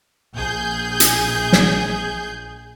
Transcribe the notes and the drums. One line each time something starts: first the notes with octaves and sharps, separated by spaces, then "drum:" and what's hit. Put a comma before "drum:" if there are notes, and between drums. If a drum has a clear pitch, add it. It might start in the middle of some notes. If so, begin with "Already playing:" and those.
A#1 G#4 G6
drum: hi-hat
drum: snare